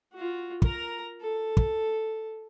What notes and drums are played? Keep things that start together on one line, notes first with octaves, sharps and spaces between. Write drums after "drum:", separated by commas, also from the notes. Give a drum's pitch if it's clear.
F4 F#4
A#4 A#5, drum: kick
A4
drum: kick